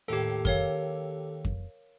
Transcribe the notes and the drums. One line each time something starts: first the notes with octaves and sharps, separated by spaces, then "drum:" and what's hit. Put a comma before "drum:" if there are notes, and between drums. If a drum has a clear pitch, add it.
D#2 A2 G4 A4
D#2 A#4 C#5 F5, drum: kick F2
drum: kick F2